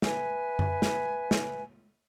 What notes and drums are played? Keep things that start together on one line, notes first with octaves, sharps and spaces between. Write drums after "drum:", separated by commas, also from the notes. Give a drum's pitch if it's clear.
B4 E5 G#5, drum: snare
drum: tom F#2
drum: snare
drum: snare